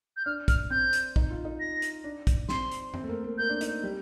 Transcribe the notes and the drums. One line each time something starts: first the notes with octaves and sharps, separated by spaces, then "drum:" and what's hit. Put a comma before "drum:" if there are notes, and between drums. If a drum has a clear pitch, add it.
G6
D4 F6
F6, drum: kick, hi-hat
C4 G6
drum: hi-hat
D#4, drum: kick
F4
D#4
A#6
drum: hi-hat
D4
drum: kick, hi-hat
C4 C6, drum: snare
drum: hi-hat
C4, drum: tom F#2
A3
A#3
A#3
A#3 G6
D4
D#4, drum: hi-hat
G3